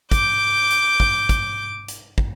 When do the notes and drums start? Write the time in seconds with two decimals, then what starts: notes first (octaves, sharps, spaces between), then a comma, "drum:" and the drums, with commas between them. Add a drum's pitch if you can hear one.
0.11 D6 G6, drum: kick, hi-hat
0.70 drum: hi-hat
1.00 drum: kick
1.29 drum: kick, hi-hat
1.88 drum: hi-hat
2.18 drum: kick